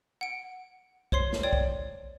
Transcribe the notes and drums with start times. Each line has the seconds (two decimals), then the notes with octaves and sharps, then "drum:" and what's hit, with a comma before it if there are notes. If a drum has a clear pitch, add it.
0.21 F#5 D7
1.12 C5 C#5 C6 C7, drum: kick
1.32 drum: snare
1.43 C#5 D5 G5
1.53 drum: kick